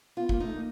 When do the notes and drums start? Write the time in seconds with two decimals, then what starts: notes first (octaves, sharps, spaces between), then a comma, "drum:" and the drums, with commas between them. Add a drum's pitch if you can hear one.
0.17 B3 F4
0.29 A#3, drum: kick
0.40 A3 D#4
0.54 A#3